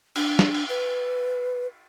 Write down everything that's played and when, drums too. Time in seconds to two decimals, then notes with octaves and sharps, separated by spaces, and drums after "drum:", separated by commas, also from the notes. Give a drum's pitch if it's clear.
0.16 D4, drum: cymbal
0.39 drum: snare
0.54 drum: cymbal
0.69 B4